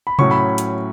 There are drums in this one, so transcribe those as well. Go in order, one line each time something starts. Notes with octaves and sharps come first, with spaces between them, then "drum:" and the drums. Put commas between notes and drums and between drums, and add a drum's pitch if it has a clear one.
B5
A2 F#3 C#4 C#6, drum: tom C3
B5
drum: hi-hat